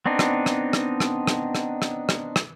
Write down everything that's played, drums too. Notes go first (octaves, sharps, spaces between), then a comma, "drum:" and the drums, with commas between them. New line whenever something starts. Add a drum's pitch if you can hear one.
B3 C4 D4 D#4
drum: rim click
drum: rim click
drum: rim click
drum: rim click
drum: rim click
drum: rim click
drum: rim click
drum: rim click
drum: rim click